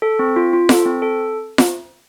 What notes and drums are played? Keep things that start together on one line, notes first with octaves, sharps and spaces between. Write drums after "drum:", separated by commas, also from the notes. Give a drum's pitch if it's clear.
A4
C4
F4
F4
A4, drum: snare F4
C4
A4
drum: snare F4